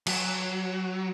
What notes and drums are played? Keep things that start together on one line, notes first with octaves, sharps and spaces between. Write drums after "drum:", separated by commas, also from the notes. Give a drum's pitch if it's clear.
F#3, drum: cymbal